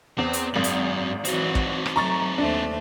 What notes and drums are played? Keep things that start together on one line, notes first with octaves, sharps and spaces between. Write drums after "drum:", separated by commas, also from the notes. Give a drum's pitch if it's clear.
E2 C4
drum: hi-hat
G#1 F#2 F#7
drum: hi-hat
E3 F#3 C4 D#4 F#4, drum: hi-hat
drum: kick
drum: rim click
F#3 A3 A#5 C#6 A6
D#2 A3 D4 C5